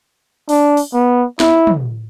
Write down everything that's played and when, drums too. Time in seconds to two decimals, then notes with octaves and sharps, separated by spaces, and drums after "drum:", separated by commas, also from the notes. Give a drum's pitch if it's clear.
0.49 D4, drum: open hi-hat
0.77 drum: open hi-hat
0.94 B3
1.40 E4, drum: snare
1.67 drum: tom